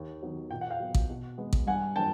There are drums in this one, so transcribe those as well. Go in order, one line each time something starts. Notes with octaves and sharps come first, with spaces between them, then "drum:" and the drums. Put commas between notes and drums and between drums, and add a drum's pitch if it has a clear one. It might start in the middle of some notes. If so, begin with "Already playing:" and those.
Already playing: D#2
D#3 F#3 B3
A#2 G5
F#5
F5 G5
F#3 B3
drum: kick A1
B2
G#3 B3
drum: kick A1
G2 F#5 G#5
F3 A#3 D4 G5 A5